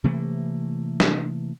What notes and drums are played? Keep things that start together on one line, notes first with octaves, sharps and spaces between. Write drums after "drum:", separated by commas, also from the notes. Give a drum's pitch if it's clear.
C3 E3 A3 A#3
drum: snare